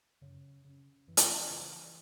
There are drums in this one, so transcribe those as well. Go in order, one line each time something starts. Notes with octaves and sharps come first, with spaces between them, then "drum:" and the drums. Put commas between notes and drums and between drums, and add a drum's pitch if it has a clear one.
F#2 C#3 C#4
C#3
F#2 E3
drum: hi-hat
C#3 E3